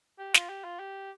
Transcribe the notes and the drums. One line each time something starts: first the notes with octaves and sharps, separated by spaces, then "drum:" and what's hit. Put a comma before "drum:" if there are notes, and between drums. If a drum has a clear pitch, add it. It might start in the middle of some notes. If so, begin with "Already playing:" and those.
G4
F4, drum: snare
G4
F4
G4